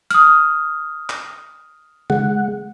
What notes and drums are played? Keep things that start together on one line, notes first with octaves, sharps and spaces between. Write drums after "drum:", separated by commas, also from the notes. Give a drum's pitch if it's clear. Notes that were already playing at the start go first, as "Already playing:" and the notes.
D#6 F6, drum: hi-hat
drum: clap
G#3 F#5, drum: tom C#3